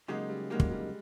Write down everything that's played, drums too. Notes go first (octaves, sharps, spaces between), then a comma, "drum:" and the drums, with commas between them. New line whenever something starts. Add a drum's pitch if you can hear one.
C#3 F#3 G#3 A#3 D#4 G4
G3
C#3 F#3 G#3 A#3 D#4 G4
drum: kick
G3